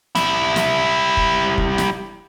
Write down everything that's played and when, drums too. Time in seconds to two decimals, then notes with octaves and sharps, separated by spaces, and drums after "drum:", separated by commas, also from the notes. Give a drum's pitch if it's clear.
0.15 G3 E4, drum: snare
0.56 drum: snare
1.17 drum: kick
1.58 drum: kick
1.78 drum: snare